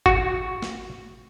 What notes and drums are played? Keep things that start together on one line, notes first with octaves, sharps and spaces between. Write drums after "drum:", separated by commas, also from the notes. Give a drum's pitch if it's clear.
F#4, drum: kick G#1
drum: snare